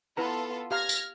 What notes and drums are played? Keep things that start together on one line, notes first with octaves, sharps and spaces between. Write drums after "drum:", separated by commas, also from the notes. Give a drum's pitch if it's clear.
B3 E4 F4 A4 B4 A#5
G4 F5 A#5 F6 G#6 A#6
drum: tambourine